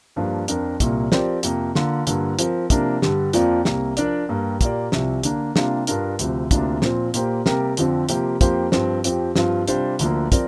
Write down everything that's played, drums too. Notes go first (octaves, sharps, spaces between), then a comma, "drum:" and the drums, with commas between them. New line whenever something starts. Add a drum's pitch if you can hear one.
G2 F3 A#3 D4 F4
F2 F3 D4 A#4, drum: hi-hat
C2 A#2 A#3, drum: kick, hi-hat
F3 C4 G4 A#4 D5, drum: snare
F2 C3 A#3, drum: hi-hat
D3 A#3 F4, drum: snare
G2 D3 A#3 F4, drum: hi-hat
F3 C4 A#4, drum: hi-hat
C3 F3 A#3 D4 A#4, drum: kick, hi-hat
G2 D3 G3, drum: snare
F2 F3 A#3 F4 D5, drum: hi-hat
C2 C3 A#3, drum: snare
F3 D4 A#4 D5, drum: hi-hat
G2 G3 A#3
A#2 A#3 G4 D5, drum: kick, hi-hat
C2 C3 F3, drum: snare
D3 A#3 D4, drum: hi-hat
C3 G3 A#3 D4 F4, drum: snare
G2 G3 D4 F4 A#4, drum: hi-hat
D2 C3 F3, drum: hi-hat
D2 C3 A#3 D4 F4, drum: kick, hi-hat
A#2 F3 C4, drum: snare
A#2 A#3 G4 C5, drum: hi-hat
C3 G3 A#3 G4 A#4, drum: snare
F2 D3 F3 C4, drum: hi-hat
C3 F3 A#3 G4 C5, drum: hi-hat
F2 F3 A#3 G4 C5, drum: kick, hi-hat
G2 F3 C4, drum: snare
F2 F3 C4 G4, drum: hi-hat
G2 F3 C4 F4, drum: snare
C3 G3 D4 F4 C5, drum: hi-hat
D2 D3 F3 A#3, drum: hi-hat
F3 C4 A#4 D5, drum: kick, hi-hat